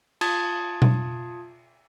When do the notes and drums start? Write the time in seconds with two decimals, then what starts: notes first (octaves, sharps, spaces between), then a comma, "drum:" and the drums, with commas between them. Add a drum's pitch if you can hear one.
0.21 F4 A5 D#6 G#6 A6, drum: cymbal
0.82 drum: tom B2